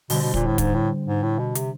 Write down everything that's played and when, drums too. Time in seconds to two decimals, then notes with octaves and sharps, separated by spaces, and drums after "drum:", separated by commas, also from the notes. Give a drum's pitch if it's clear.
0.10 B2 D3 G3 C4, drum: open hi-hat
0.21 B2
0.34 A#2, drum: kick
0.46 A2
0.58 G#2, drum: kick, hi-hat
0.75 A2
1.06 G#2
1.23 A2
1.39 B2
1.55 C3, drum: hi-hat